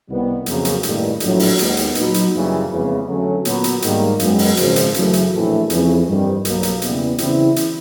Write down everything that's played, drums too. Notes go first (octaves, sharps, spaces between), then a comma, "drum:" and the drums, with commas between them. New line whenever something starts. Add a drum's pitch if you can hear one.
C2 C3 D#3 G3 B3
F2 C#3 F#3 A#3, drum: hi-hat
drum: hi-hat
A1 G2 D#3 G3, drum: hi-hat
A#1 A2 F#3 B3, drum: hi-hat
drum: open hi-hat
D#2 D#3 G#3 B3, drum: hi-hat
drum: hi-hat
A#2 F#3 B3 D#4, drum: hi-hat
drum: hi-hat
F#2 C#3 E3 G3 A#3
F2 C#3 E3 G#3 B3
D3 F#3 A3 C#4
A#2 F#3 B3, drum: hi-hat
drum: hi-hat
G#2 D#3 G3 A#3, drum: hi-hat
F#2 D#3 G#3 B3, drum: hi-hat
drum: open hi-hat
G#1 F#2 C#3 F3, drum: hi-hat
drum: hi-hat
F#2 C#3 E3 A3, drum: hi-hat
drum: hi-hat
A#1 A2 E3 A3
F2 C#3 E3, drum: hi-hat
G2 D#3 G3 C4
B1 B2 F#3 A#3, drum: hi-hat
drum: hi-hat
E2 C#3 E3 G3 B3, drum: hi-hat
C#3 E3 G3 C4 E4, drum: hi-hat
drum: hi-hat